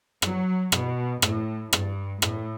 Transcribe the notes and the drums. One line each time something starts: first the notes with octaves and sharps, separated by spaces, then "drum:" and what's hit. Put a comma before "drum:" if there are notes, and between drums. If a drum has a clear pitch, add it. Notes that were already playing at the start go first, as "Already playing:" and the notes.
F#3, drum: rim click
B2, drum: rim click
A2, drum: rim click
G2, drum: rim click
A2, drum: rim click